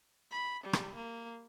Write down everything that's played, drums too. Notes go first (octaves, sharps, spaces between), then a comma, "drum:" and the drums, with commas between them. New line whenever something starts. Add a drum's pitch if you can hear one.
B5
G3
drum: rim click
A#3